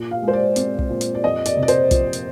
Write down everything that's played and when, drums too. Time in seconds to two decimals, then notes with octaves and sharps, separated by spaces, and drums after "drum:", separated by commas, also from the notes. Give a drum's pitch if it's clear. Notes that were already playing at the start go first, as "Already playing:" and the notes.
Already playing: A#2
0.11 F5
0.23 G#3
0.28 C5
0.33 D5
0.56 C4 D5, drum: hi-hat
0.79 drum: kick
0.90 A#2
1.01 drum: hi-hat
1.15 D5
1.23 F2 D#5
1.46 D5, drum: hi-hat
1.57 C3
1.63 D5
1.68 C5, drum: hi-hat
1.91 F3, drum: kick, hi-hat
2.13 drum: hi-hat